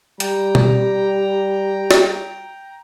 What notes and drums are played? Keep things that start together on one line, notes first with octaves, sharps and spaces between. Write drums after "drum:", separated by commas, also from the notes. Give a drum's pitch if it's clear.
G3 G5 A#5, drum: hi-hat
drum: tom B2
drum: snare